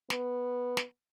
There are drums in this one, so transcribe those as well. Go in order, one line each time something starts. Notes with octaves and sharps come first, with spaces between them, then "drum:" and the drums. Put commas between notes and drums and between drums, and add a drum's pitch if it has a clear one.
B3, drum: snare
drum: snare